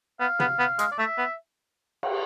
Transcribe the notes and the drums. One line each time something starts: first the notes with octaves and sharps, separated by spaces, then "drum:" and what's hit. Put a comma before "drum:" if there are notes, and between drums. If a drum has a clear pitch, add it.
B3 F5
B3, drum: tom
B3
G#3, drum: hi-hat
D5
A3 E5
B3
drum: cymbal